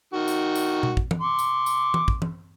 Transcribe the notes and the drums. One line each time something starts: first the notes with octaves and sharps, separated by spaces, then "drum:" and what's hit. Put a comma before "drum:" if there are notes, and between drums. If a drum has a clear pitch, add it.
D#3 F#4
drum: tambourine
drum: tambourine
drum: tom B2
drum: kick
drum: tom E3
C6 D6
drum: tambourine
drum: tambourine
drum: tom E3
drum: kick
drum: tom E3